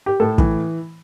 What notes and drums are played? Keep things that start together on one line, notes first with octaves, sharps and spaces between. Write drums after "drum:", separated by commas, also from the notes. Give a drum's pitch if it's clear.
G4
A2 A4
E3, drum: kick